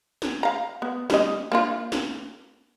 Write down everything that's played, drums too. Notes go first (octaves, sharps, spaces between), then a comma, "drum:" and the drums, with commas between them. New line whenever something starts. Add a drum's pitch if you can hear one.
drum: snare
F5 A#5
B3
G3 D#5, drum: snare
A#3 D4 F4
drum: snare